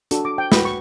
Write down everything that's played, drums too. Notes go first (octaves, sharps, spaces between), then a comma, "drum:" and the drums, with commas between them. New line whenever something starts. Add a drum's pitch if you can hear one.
D4 F#4 A4, drum: hi-hat
D6
G5
F#4 B4 B5, drum: snare
C#6